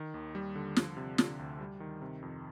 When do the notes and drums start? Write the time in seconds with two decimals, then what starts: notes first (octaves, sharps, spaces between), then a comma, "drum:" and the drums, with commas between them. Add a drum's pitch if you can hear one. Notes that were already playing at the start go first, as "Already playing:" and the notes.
Already playing: D#3
0.14 D#2
0.35 G3
0.56 D3
0.76 F3, drum: snare
0.97 C3
1.18 D3, drum: snare
1.39 D2
1.60 G3
1.80 D#3
2.02 C3
2.22 F2